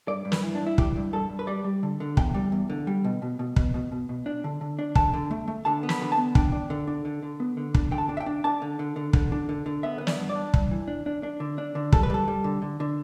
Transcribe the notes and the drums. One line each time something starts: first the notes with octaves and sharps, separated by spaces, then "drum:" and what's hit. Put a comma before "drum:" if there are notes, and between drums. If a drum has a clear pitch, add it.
G2 D5
G2
B4, drum: snare
E3
D4
G2
E4
E3 G4, drum: kick
G2
G2 A4
G2
B4
G3 D5
G3
D3
D3
E2 G5, drum: kick
G3
E2
D3
G3
B2
B2
B2
B2, drum: kick
B2
B2
B2
D4
D3
D3
D4
D3 A5, drum: kick
D3
A3
A3
D3 A5
B3
B5, drum: snare
D3 B5
A5
B3
D4 G5, drum: kick
D4
D3
D4
D3
D3
B3
D3
D4, drum: kick
D3 G5
A5
D4
E5
G5
D4
D4 A5
D3
D3
D3
D3, drum: kick
D4
D3
D3
B3 E5
B3 B4
D5, drum: snare
G2
D5
D4
G2, drum: kick
E3
D4
D4
D4
D3
D4
D3
G3 A4, drum: kick
B4
G3 A4
G3
D3
D3
D3